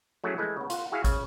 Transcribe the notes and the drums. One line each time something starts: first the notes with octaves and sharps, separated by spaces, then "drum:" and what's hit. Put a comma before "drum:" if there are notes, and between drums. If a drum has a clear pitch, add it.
F#3 A3 C#4 E4 G#4
E3 G#3 A3 E4
C#3 B3
F4 F#5, drum: hi-hat
E4 F#4 G#4 E5 F5
C#3, drum: kick, hi-hat